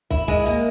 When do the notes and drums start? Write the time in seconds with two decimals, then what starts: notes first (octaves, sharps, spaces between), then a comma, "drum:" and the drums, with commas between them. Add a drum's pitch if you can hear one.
0.11 E4, drum: kick
0.28 G#3, drum: kick
0.46 A#3